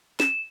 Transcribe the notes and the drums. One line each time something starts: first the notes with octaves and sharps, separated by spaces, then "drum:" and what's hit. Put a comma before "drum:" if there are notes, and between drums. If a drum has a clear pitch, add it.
E7, drum: snare